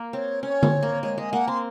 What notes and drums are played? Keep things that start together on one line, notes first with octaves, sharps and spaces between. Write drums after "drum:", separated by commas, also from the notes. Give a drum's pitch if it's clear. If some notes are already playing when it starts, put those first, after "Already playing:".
Already playing: A#3
C4 C#5
C#4 C#5
C4, drum: tom D3
A#3
G#3 C#5
G#3 D#5
A#3 F#5
C4 C6